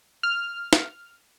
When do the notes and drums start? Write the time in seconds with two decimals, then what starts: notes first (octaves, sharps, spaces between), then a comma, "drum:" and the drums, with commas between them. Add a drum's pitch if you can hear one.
0.23 F6
0.73 drum: snare